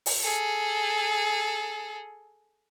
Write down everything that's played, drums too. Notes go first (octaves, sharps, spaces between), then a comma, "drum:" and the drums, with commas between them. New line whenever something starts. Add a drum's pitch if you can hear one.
drum: open hi-hat
G#4 A4